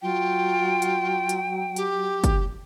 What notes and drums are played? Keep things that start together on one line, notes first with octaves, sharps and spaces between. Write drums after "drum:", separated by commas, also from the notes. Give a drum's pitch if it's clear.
F#3 F4 G5
drum: hi-hat
drum: hi-hat
G4, drum: hi-hat
drum: kick, hi-hat